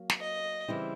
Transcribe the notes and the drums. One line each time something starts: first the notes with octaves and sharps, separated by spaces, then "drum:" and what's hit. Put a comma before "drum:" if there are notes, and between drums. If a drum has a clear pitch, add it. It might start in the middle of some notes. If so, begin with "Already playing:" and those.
Already playing: F#3 A#3
drum: snare
D#5
C#3 E3 G3 C4 E4